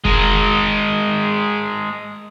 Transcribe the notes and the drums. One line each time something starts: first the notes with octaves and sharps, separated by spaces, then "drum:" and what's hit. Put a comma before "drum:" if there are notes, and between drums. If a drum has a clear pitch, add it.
G#3 A#4, drum: kick F1